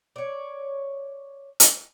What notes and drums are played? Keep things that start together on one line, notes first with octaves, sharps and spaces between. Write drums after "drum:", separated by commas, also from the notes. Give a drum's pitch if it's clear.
C#5 D5
drum: hi-hat